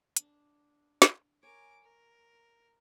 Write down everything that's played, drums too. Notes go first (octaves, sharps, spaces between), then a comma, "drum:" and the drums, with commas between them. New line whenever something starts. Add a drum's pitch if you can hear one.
D4, drum: hi-hat
drum: snare
A#4 C#5 G#5 D6
A#4